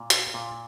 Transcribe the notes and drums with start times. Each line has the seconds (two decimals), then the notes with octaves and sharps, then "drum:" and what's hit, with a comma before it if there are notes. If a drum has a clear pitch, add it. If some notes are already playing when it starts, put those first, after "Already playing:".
Already playing: A#2
0.10 F4, drum: hi-hat
0.34 A#2